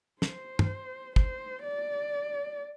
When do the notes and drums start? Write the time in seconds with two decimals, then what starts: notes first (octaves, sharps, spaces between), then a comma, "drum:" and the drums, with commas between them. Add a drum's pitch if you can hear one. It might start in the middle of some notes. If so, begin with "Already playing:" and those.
0.22 C5, drum: snare
0.59 drum: tom
1.16 C5, drum: kick
1.62 D5